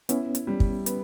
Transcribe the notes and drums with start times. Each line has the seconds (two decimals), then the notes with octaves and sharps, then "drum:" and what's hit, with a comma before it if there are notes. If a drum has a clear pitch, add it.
0.09 B3 C#4 E4, drum: hi-hat
0.35 drum: hi-hat
0.47 G3
0.60 drum: kick
0.86 B3, drum: hi-hat